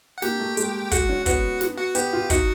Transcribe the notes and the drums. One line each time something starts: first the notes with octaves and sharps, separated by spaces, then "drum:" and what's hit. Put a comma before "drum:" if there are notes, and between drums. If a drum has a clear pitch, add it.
F#5
A#3 G4 G5, drum: snare
A3
G#3, drum: hi-hat
G#3 F#4 F#5, drum: kick, hi-hat
C#4
B3 F#4 F#5, drum: kick, hi-hat
drum: snare
F#4 F#5
B3 G4 G5, drum: hi-hat
F4
D#4 F#4 F#5, drum: kick, hi-hat